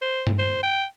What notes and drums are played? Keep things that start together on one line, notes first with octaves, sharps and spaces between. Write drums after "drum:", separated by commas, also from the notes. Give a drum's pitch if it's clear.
C5
drum: tom G2
C5
G5